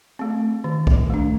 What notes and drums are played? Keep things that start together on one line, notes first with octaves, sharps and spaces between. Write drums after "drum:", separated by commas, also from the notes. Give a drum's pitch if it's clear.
A3 C4
D#3
drum: kick C2
A3 D4